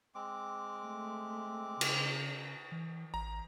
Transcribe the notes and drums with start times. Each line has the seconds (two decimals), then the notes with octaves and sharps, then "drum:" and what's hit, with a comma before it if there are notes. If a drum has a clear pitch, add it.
0.15 G#3 C4 D6
0.82 A3
1.81 C#3, drum: cymbal
2.72 E3
3.14 A1 A#5